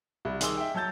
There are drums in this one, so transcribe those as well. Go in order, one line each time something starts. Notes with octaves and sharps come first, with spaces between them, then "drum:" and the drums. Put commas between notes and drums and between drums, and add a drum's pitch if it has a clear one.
C2
D#3 G#4 C6 D6 E6 G7, drum: hi-hat
E5 G5
F#3 A5 E6 G6 A6